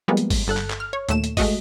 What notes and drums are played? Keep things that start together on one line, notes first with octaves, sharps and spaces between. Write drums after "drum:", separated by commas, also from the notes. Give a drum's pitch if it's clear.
F3 G3 G#3 A#3 B3
drum: hi-hat
drum: kick, open hi-hat
G1 A4 F#6
drum: clap
drum: clap
F6
C#5
D#2 A#2 A3 E7, drum: hi-hat
drum: hi-hat
G#3 A3 F#4 D#5, drum: kick, open hi-hat